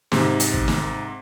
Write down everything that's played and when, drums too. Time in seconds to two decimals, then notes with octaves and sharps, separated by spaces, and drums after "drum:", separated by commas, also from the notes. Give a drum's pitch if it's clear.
0.12 G#2 C3, drum: snare
0.40 drum: hi-hat
0.54 drum: kick
0.68 drum: snare